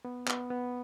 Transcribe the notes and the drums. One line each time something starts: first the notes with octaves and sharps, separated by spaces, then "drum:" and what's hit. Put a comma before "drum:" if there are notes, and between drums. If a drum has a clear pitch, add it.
B3
B3, drum: clap
B3